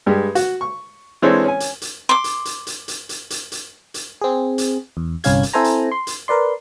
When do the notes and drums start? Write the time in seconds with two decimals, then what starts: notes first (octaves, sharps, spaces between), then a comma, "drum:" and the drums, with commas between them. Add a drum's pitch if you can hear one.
0.06 G2 G3 G#3
0.35 F#4, drum: hi-hat
0.61 C#6
1.22 E3 G#3 C4 D4 A4 C#5
1.44 C#4 G#5
1.60 drum: hi-hat
1.82 drum: hi-hat
2.09 C6 D6
2.24 drum: hi-hat
2.45 drum: hi-hat
2.67 drum: hi-hat
2.88 drum: hi-hat
3.09 drum: hi-hat
3.30 drum: hi-hat
3.52 drum: hi-hat
3.94 drum: hi-hat
4.21 C4 G#4
4.58 drum: hi-hat
4.97 E2
5.24 G1 C2 C#4 F5 G#6, drum: hi-hat
5.43 drum: hi-hat
5.53 C4 E4 A4 C5 G#5 A#5
5.64 drum: hi-hat
5.92 C6
6.07 drum: hi-hat
6.28 A#4 B4 D5 C6